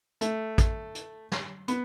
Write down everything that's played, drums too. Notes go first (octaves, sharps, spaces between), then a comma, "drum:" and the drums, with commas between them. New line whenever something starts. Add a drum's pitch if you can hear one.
A3, drum: hi-hat
drum: kick, hi-hat
drum: hi-hat
drum: snare
B3, drum: hi-hat